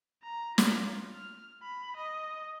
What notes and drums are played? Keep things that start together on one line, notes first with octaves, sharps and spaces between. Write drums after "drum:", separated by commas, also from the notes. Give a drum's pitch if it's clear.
A#5
F4, drum: snare
F6
B5
D#5